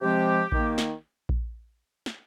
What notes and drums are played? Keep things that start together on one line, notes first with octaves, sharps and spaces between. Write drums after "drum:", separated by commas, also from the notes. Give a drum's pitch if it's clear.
C3 F3 G#3 C4 G4
D#3 A#3, drum: kick A#1
drum: snare
drum: kick A#1
drum: snare